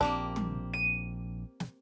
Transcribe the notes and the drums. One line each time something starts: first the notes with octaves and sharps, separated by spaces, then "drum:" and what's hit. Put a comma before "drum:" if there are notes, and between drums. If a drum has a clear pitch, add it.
A#1 A#3 C4 D4 G4
drum: tom
D#7
drum: snare